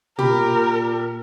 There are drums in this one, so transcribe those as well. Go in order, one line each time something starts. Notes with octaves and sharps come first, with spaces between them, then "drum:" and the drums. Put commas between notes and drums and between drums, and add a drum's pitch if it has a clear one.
A#2 G4 A#4 B5, drum: tom